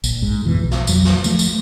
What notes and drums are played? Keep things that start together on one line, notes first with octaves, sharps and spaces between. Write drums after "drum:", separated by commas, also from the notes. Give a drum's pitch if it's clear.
A#1, drum: tambourine
G#2
F2 B2 E3
B1
drum: snare
F2 F#3, drum: tambourine
drum: snare
F3 A3, drum: tambourine
drum: tambourine